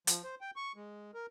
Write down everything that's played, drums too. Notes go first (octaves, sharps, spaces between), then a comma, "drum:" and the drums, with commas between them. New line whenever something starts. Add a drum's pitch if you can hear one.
F3, drum: hi-hat
C5
G5
C#6
G#3
A#4